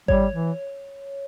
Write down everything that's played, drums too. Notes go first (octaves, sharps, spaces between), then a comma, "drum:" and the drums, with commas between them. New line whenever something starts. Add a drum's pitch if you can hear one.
G3 C#5, drum: kick G#1
E3